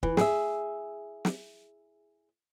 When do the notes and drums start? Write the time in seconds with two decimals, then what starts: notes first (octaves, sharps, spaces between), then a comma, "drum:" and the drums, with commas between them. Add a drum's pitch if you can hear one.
0.03 E3, drum: kick
0.17 G#4 E5, drum: snare
1.25 drum: snare